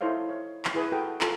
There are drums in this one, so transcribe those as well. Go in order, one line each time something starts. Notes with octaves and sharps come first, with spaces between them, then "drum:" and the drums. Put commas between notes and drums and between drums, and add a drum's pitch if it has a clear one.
D#4 E4 A4 C5 C#5 F5
C#5
drum: clap
E4 G#4 B4 G#5 D#6
F#4 A4 A#4 G5
F4 A4 A#4 E6, drum: clap